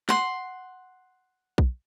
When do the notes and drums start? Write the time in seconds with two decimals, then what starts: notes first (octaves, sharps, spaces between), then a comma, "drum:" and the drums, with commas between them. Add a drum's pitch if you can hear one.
0.09 F#5 C6, drum: snare
1.58 drum: kick B1